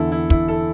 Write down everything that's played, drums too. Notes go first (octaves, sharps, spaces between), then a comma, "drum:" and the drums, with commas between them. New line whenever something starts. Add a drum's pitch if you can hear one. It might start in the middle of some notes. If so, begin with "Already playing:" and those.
Already playing: E2 D3 E4 A4
E4
E4, drum: kick
A4